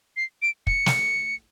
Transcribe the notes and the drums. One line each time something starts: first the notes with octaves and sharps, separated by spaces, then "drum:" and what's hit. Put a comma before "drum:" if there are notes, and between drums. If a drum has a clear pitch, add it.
C7
D7
C#7, drum: kick
drum: snare